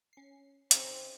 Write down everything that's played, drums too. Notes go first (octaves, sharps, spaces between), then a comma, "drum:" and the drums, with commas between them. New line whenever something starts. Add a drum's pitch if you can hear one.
C#4 C7
C#3 C4 C#4 D#4, drum: hi-hat